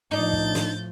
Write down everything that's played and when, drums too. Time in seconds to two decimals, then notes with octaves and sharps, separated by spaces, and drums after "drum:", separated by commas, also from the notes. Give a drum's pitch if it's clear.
0.11 A2 F3 D4 D#4 G6 A6
0.33 drum: kick
0.55 drum: snare